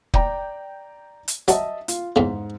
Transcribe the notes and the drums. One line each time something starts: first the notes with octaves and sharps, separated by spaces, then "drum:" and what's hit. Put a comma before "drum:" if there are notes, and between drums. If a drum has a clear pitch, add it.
D5 G5 A#5, drum: kick
drum: hi-hat
F#3 D#5 E5 A5, drum: hi-hat
F4, drum: hi-hat
E2 G#2 C#3